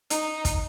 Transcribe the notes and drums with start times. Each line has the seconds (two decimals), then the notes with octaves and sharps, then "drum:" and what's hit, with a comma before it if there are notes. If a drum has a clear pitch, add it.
0.10 D#4, drum: hi-hat
0.45 drum: kick, hi-hat